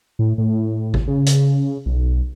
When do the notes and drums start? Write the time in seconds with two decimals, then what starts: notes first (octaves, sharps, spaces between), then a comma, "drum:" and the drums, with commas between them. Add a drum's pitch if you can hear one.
0.19 A2
0.38 A2
0.94 drum: kick G#1
1.08 C#3
1.26 drum: hi-hat
1.86 B1